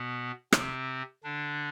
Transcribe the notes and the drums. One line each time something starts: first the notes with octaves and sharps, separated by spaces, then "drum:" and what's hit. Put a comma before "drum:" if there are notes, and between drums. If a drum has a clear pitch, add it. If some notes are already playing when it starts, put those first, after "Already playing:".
Already playing: B2 B3
C3 C4, drum: rim click
D3 D4